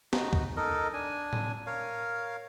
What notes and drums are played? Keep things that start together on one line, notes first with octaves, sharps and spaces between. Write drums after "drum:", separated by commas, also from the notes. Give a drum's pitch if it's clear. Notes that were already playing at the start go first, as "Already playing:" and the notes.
D#4 F#4, drum: snare
drum: kick
D#4 A4 A#4 D#5
D4 G#5
drum: tom
A#4 C#5 F5